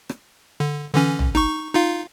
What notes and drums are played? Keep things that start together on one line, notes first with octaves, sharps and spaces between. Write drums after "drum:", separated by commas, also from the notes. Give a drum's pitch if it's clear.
drum: rim click
D3
D3 E3 C#4
drum: tom A1
D#4 C#6, drum: rim click
D#4 F4 F5